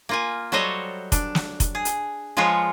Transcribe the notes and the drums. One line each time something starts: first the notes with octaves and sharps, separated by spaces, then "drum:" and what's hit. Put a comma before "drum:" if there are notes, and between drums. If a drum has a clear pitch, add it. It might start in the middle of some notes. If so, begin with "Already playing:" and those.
A#3 F4 G#5
F#3 G3 A4 C5 C#5 D#5
D4, drum: kick F1, hi-hat
drum: snare
drum: kick F1, hi-hat
G#4
drum: hi-hat
F3 G#3 B3 F4 G#4 C#5